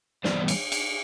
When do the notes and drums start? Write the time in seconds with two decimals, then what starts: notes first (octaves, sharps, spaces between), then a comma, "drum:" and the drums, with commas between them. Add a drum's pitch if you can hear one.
0.24 E3 G3 B3 C5 D5, drum: snare
0.48 drum: cymbal
0.72 drum: cymbal